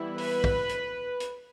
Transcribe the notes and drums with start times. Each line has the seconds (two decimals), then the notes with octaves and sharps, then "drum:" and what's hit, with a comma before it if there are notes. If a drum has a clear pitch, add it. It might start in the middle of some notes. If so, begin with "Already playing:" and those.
Already playing: E3 G3 B3 E4
0.18 B4, drum: open hi-hat
0.44 drum: kick
0.69 drum: hi-hat
1.20 drum: hi-hat